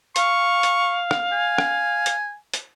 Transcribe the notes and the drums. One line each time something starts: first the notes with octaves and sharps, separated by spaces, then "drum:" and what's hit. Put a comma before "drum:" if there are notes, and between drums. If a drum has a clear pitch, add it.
F5 C#6, drum: hi-hat
drum: hi-hat
drum: rim click
G#5
drum: rim click
drum: hi-hat
drum: hi-hat